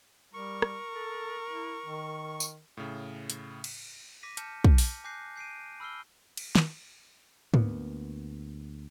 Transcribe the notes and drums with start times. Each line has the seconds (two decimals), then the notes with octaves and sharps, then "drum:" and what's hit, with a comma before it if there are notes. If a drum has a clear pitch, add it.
0.34 G3 A#4 C#6
0.62 drum: rim click
0.95 A4
1.47 E4
1.86 D#3
2.40 drum: tambourine
2.77 A2 C#3
3.30 drum: hi-hat
3.64 drum: cymbal
4.23 D6 A#6 B6 D#7
4.37 A5 F6 G6 C#7, drum: hi-hat
4.64 drum: kick
4.78 drum: open hi-hat
5.04 G#5 D6 F#6 G6 A#6 C7
5.36 G6 C7 D7 D#7
5.80 B5 E6 F6 C7 G7
6.37 drum: cymbal
6.55 drum: snare
7.54 D2 A#3 B3, drum: tom G#2